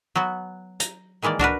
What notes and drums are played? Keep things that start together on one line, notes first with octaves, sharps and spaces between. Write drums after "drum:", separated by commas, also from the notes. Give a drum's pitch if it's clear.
F#3 B3 F#4
A#5, drum: hi-hat
D#3 E3 G#3 A#3 D5
D4 F#4 A#4 B4, drum: kick